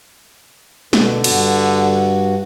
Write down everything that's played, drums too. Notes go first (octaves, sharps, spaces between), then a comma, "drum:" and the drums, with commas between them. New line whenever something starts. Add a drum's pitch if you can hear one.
B2 D3, drum: snare
G2 F#4, drum: cymbal